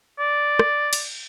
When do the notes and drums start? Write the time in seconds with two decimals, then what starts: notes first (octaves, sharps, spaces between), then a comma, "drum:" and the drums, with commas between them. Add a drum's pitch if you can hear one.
0.19 D5
0.59 drum: rim click
0.93 drum: cymbal